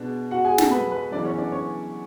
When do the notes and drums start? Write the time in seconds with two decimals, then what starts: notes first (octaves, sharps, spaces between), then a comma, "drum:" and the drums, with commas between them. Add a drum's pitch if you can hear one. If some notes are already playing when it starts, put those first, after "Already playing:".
Already playing: B2 G#3 B3 D4
0.31 F#4 F#5
0.45 G#4 G#5
0.58 A4 A5, drum: snare
0.71 B4 B5
0.91 B4 B5
1.11 F#2 C#3 E3 B3 D4 D5
1.25 C#4 C#5
1.38 D4 D5
1.52 C#4 C#5